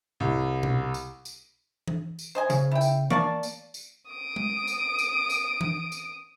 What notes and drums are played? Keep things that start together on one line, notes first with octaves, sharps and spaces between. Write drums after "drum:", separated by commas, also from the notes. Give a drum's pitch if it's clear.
C2
drum: tom B2
drum: tambourine
drum: tambourine
drum: tom E3
drum: tambourine
C5 D#5 G#5
C#3, drum: tambourine
E4 G5
drum: tambourine
A#3 D5 A5 C#6, drum: tom E3
drum: tambourine
drum: tambourine
D#6 D7
drum: tom G#3
drum: tambourine
drum: tambourine
drum: tambourine
drum: tom E3
drum: tambourine